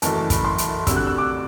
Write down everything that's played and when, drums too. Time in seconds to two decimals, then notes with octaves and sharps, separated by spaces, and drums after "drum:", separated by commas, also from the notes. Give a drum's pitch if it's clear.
0.02 F#1 F#2 E3 A3 A5, drum: hi-hat
0.17 A5
0.30 B5, drum: kick, hi-hat
0.45 C6
0.58 drum: hi-hat
0.87 D2 C3 G3 E6, drum: kick, hi-hat
0.96 F#6
1.07 E6
1.18 D6